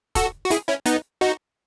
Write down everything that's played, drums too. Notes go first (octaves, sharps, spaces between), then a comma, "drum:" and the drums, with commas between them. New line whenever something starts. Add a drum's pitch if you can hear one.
F#4 A4, drum: kick, hi-hat
F#4
E4 G#4, drum: hi-hat
C#4 E4
B3 D#4, drum: hi-hat
D#4 F#4